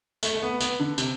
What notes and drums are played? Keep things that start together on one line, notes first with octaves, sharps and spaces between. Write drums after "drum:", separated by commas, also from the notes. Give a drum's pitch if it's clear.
A3, drum: tambourine
A3
B3
B3, drum: tambourine
D3
C3, drum: tambourine